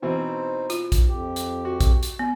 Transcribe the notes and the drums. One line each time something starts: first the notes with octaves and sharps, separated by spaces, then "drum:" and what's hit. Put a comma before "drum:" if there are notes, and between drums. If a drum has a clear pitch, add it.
B2 E3 C4 D#4 C5
F4, drum: hi-hat
drum: kick A#1, hi-hat
F2 G4
drum: hi-hat
F#4
drum: kick A#1, hi-hat
drum: hi-hat
B3